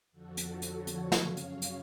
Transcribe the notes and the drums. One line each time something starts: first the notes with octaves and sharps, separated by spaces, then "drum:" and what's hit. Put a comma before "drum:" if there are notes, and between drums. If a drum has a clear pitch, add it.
F2 D3 F3 F#4 A4
drum: hi-hat
A4 C#5, drum: hi-hat
drum: hi-hat
F#2 C#3 F#3 C#5 F5, drum: snare
drum: hi-hat
drum: hi-hat